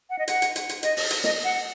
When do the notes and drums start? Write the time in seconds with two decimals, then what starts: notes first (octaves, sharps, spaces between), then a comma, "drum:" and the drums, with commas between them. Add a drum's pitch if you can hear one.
0.10 F#5
0.19 D#5
0.28 F#5, drum: hi-hat
0.42 drum: hi-hat
0.56 drum: hi-hat
0.69 drum: hi-hat
0.83 D#5, drum: hi-hat
0.97 drum: open hi-hat
1.10 drum: hi-hat
1.24 D#5, drum: snare
1.44 F#5